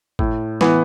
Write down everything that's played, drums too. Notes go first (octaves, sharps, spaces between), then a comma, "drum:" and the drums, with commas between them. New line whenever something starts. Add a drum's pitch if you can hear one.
A2, drum: kick G1
E3 B3, drum: snare